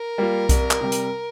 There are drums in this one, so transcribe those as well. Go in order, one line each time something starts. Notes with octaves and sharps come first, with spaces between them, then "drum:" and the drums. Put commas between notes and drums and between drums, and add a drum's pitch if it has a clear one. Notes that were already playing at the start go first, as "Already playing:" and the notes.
Already playing: A#4
G3 A#3 F4
C2, drum: kick B1, hi-hat
drum: clap
C3 G3
drum: hi-hat